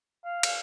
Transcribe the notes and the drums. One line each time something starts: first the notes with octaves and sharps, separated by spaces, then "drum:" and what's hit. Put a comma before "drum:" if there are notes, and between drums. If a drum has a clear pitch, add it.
F5
drum: cymbal